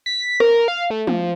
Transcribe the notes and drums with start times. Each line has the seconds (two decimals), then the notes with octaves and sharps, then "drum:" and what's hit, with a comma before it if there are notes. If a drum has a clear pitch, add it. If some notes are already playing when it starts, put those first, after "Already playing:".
0.06 B6
0.40 A#4, drum: rim click
0.68 F5
0.90 A3
1.07 F3, drum: tom G#3